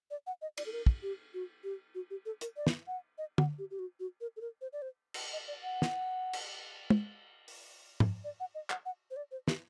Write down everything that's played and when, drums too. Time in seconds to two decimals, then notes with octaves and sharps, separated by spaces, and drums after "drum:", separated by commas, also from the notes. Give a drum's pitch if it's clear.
0.11 D5
0.27 F#5
0.42 D#5
0.57 D5, drum: cymbal
0.66 A4
0.72 A#4
0.86 drum: kick
1.03 G4
1.34 F#4
1.64 G4
1.95 F#4
2.10 G4
2.26 A4
2.41 A#4, drum: hi-hat
2.57 D5
2.67 drum: snare
2.87 F#5
3.18 D#5
3.38 F#5, drum: tom
3.59 G4
3.71 G4
3.79 F#4
4.00 F#4
4.21 A#4
4.37 A4
4.41 A#4
4.61 C5
4.73 D5
4.82 C5
5.14 drum: cymbal
5.33 D#5
5.48 D5
5.63 F#5
5.82 drum: snare
6.33 drum: cymbal
6.90 drum: tom
7.48 drum: open hi-hat
8.00 drum: tom G#2
8.24 D5
8.40 F#5
8.55 D#5
8.70 F#5, drum: clap
8.86 F#5
9.11 C5
9.16 D5
9.31 C5
9.48 G4, drum: snare